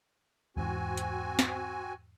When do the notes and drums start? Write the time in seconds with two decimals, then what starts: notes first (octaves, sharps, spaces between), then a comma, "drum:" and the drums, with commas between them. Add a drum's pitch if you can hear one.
0.57 E2 G#2 E3 C4 F#4 G#5
0.97 drum: hi-hat
1.39 drum: snare